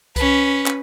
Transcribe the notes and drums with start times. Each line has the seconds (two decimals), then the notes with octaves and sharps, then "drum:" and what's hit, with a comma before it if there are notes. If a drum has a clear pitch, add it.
0.16 C#4 B4, drum: kick C2, hi-hat
0.66 drum: clap